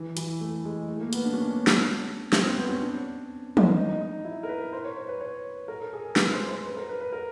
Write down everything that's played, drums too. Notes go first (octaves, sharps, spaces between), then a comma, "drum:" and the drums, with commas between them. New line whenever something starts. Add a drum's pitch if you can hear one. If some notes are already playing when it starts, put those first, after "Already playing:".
Already playing: E3
E3, drum: hi-hat
A3
G#3
A3
A#3
B3, drum: hi-hat
D4
C#4
D4
drum: snare
C4, drum: snare
C4
B3
C#4
D4
drum: tom
D#4
D#4
E4
A#4
B4
B4
C5
C#5
C5
B4
C#5
A#4
A4
G#4
A4
B4, drum: snare
C5
C5
B4
A#4
B4
B4
A#4